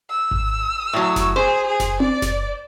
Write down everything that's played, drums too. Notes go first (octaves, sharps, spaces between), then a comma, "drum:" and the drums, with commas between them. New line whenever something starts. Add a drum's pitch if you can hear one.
E6
drum: kick G#1
A2 F#3
drum: snare F#1
G#4 C5
G#4
drum: snare F#1
D5, drum: tom C4
drum: snare F#1